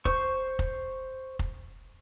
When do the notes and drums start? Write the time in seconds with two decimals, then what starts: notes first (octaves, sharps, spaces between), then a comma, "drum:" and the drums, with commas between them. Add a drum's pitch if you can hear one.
0.05 C5 C#6, drum: kick F1
0.59 drum: kick F1
1.39 drum: kick F1